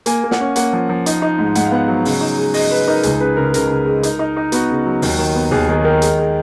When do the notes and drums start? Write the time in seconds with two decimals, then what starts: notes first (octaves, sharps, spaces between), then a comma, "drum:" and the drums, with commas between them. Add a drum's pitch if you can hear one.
0.06 A#3 G#5, drum: hi-hat
0.24 A#3
0.31 F#5, drum: snare
0.40 C#4
0.56 A#3 F#5, drum: hi-hat
0.73 F3
0.89 F3
1.06 D#4, drum: hi-hat
1.22 D#4
1.38 G#2
1.55 G#2 F#5, drum: hi-hat
1.65 F5
1.71 B3 F#5
1.88 F#3
2.05 C#3, drum: open hi-hat
2.21 D#4
2.38 G#3
2.54 G#3 D#5, drum: open hi-hat
2.71 G#3 B4
2.87 D#4 A#4
3.03 C#2 G#4, drum: hi-hat
3.20 C#3 B4
3.36 C#3 A#4
3.54 C#3 A#4, drum: hi-hat
3.70 C#3
3.86 G#3
4.03 D#4, drum: hi-hat
4.19 D#4
4.37 D#4
4.52 B3 F#4, drum: hi-hat
4.70 C#3
4.86 F#3
5.02 D#2, drum: open hi-hat
5.19 D#3
5.35 B3
5.51 D#2 G#4
5.68 D#3 G#4
5.84 D#3 A#4
6.02 G#3, drum: hi-hat
6.18 G#3